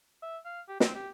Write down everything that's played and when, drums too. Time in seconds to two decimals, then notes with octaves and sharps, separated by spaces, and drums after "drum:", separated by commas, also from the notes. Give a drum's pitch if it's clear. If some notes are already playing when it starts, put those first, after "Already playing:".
0.23 E5
0.45 F5
0.68 G4
0.80 C4, drum: snare
0.95 G4